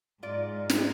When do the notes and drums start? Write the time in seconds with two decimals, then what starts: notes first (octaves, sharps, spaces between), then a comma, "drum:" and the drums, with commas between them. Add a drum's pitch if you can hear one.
0.23 G#2 D#4 F4 D5
0.70 drum: snare